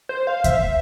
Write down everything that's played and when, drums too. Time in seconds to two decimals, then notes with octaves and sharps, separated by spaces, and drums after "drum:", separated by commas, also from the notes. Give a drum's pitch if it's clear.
0.09 C5
0.27 F5
0.44 E5, drum: kick D2, hi-hat